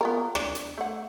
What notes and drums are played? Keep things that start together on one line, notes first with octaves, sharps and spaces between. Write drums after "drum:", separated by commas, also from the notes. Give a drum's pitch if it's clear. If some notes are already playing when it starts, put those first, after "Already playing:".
B3 F4 A#4
D4 D5, drum: rim click
drum: hi-hat
A3 F#5